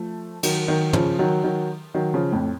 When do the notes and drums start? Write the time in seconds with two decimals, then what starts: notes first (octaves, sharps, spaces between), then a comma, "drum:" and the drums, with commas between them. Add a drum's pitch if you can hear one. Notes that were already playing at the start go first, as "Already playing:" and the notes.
Already playing: F3 A3
0.43 D#3 F#3, drum: cymbal
0.68 D#3 F#3
0.93 C#3 F3, drum: tom
1.19 D#3 F#3
1.44 D#3 F#3
1.94 D#3 F#3
2.14 C#3 F3
2.32 F2 A2